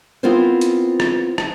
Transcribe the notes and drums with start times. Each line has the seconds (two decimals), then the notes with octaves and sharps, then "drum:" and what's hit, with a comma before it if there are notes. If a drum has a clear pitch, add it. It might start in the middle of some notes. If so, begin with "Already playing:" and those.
0.23 B3 C4 E4 F4 A#4 C5
0.61 drum: hi-hat
1.00 drum: rim click
1.38 drum: rim click